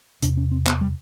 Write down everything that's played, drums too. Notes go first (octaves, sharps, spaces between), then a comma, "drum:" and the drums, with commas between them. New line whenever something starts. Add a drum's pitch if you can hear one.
E2 C3 D4, drum: hi-hat
C#4
C4
B3, drum: clap
G3